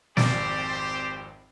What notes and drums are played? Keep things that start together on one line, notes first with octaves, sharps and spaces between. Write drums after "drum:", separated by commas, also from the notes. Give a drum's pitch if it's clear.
G#1 F2 G4 C5 D5, drum: snare